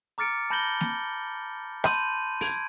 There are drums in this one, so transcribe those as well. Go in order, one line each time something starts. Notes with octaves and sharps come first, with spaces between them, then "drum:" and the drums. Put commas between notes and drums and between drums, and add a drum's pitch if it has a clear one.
A#5 D6 F6 A6 C#7 D7
A5 B5 G6 A#6 F#7 G7
drum: snare
A5 B5 C6 G6 D#7 F#7, drum: rim click
G#6 D7, drum: open hi-hat